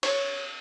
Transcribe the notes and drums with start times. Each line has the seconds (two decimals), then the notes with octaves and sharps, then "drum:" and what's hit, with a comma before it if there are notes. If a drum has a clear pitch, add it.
0.03 C#5, drum: cymbal